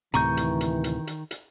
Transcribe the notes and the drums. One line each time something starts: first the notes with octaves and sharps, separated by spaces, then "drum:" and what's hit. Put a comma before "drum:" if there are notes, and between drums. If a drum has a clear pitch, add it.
D2 A2 C3 D#3 E3 A#5 C#6 G6, drum: hi-hat
drum: hi-hat
drum: hi-hat
drum: hi-hat
drum: hi-hat
drum: hi-hat